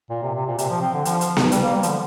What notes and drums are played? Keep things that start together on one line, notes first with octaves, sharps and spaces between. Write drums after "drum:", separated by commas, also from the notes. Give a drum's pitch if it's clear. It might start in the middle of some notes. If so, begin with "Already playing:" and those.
A#2
C3
C3
A#2
C3, drum: hi-hat
F3
C4
D3
F3, drum: hi-hat
drum: hi-hat
drum: snare B3
G3, drum: hi-hat
A#3
G3
F3, drum: hi-hat
D3